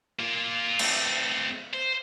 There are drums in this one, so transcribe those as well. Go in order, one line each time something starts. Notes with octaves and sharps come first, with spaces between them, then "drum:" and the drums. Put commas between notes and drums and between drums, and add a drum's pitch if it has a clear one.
A#3 F4
A3 C4, drum: cymbal
C5